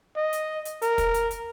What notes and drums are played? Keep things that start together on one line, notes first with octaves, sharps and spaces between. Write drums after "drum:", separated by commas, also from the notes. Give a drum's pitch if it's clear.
D#5
drum: hi-hat
drum: hi-hat
A#4, drum: hi-hat
drum: kick, hi-hat
drum: hi-hat
drum: hi-hat